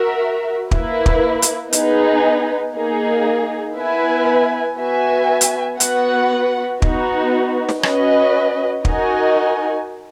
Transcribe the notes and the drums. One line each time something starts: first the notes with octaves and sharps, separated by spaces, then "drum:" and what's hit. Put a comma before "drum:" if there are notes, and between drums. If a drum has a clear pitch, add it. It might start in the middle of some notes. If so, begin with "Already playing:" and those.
Already playing: F#4 A#4 E5
A#3 E4 B4, drum: kick
drum: kick
drum: hi-hat
B3 D#4 G#4 B4, drum: hi-hat
A#3 D#4 G#4
B3 E4 B4 E5 G#5
B3 F#4 B4 E5 G#5
drum: hi-hat
B3 F#4 B4 F#5, drum: hi-hat
B3 D#4 F#4, drum: kick
drum: snare
C#4 F#4 B4 D#5, drum: rim click
D#4 F#4 A#4 D#5 G#5, drum: kick